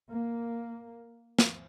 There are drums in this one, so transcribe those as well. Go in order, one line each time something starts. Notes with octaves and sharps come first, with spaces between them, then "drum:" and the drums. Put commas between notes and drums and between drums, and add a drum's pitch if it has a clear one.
A#3
drum: snare